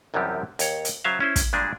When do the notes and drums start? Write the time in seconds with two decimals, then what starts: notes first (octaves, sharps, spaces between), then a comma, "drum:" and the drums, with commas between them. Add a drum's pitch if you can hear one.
0.14 C2 F#2 C3 E3 F3 G4
0.59 D#2 C#5, drum: hi-hat
0.85 drum: hi-hat
1.04 C#3 F#3 C5 E5 F5
1.20 C#4 E4 C5
1.36 drum: kick, hi-hat
1.53 A#2 G3 G#3 D4 G4 G#4